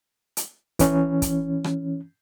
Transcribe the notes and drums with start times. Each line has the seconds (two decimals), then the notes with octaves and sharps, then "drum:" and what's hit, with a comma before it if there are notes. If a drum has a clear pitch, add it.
0.37 drum: hi-hat
0.79 E3 C#4, drum: kick, hi-hat
1.22 drum: kick, hi-hat
1.64 drum: rim click